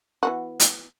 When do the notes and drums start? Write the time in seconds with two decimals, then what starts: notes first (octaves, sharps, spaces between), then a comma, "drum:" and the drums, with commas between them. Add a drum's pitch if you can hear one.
0.23 E3 B3 F#4
0.60 drum: hi-hat